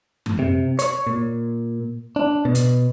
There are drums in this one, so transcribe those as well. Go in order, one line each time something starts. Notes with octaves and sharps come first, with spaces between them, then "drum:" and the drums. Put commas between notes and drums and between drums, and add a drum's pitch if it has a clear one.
drum: tom F#2
C3
C#5, drum: hi-hat
A#2
D4
B2
drum: hi-hat